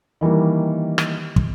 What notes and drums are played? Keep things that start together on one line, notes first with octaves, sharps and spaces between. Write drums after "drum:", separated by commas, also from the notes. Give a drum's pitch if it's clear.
D#3 E3 G3 A#3
drum: rim click
drum: kick